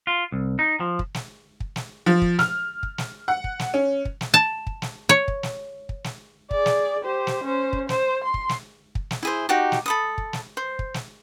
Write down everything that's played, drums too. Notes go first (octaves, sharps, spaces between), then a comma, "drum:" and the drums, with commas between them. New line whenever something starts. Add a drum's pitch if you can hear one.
F4
C2
D#4
F3
drum: kick
drum: snare
drum: kick
drum: snare
F3
drum: kick
F6, drum: snare
drum: kick
drum: snare
F#5
drum: kick
drum: snare
C#4
drum: kick
drum: snare
A5
drum: kick
drum: snare
C#5
drum: kick
drum: snare
drum: kick
drum: snare
G#4 D5, drum: kick
drum: snare
G4 C5
drum: snare
C#4 C5
drum: kick
C5, drum: snare
C6
drum: kick
drum: snare
drum: kick
drum: snare
E4 G#4 C5
D#4 F#4 G4
drum: snare
A4 B5 D#6
drum: kick
drum: snare
C5
drum: kick
drum: snare